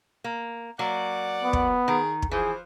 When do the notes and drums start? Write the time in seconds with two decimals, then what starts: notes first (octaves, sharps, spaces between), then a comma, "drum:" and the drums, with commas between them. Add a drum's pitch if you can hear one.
0.24 A#3
0.79 F#3 A#3 D5 F#5
1.43 B3
1.53 drum: kick
1.88 D#3 G#4
2.22 drum: kick
2.31 E3 F3 G#4 C5